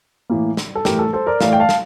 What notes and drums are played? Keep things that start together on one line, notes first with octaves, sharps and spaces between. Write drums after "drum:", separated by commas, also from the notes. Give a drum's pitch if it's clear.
A2 E3 A#3
drum: snare
A4
A2 E3 A3 G4 A#4, drum: snare
A4
A4 C5
A#4 D5
A2 E3 A3 D5 F5, drum: snare
G5
F5 A5
drum: snare